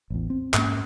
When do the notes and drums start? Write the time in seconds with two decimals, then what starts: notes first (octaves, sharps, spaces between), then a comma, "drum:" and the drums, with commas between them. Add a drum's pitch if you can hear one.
0.10 A1 E2
0.30 C4
0.54 G#2 A#3 C#4, drum: clap